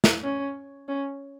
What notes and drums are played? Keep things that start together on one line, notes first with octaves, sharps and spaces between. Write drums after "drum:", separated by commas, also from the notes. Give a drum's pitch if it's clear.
drum: snare
C#4
C#4